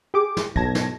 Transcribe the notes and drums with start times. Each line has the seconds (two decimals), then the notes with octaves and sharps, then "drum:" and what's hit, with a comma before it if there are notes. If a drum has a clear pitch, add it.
0.14 G4 G#4 D6
0.37 drum: snare
0.56 B1 A5 G#6 A#6, drum: kick
0.75 drum: snare